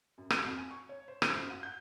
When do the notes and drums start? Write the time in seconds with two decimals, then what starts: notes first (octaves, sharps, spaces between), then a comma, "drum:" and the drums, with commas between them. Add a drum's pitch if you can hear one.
0.18 F#2
0.30 F#4, drum: rim click
0.43 F2
0.58 G#5
0.71 C#6
0.89 C#5
1.08 C5
1.22 F3, drum: rim click
1.33 F#2
1.50 F#5
1.63 G6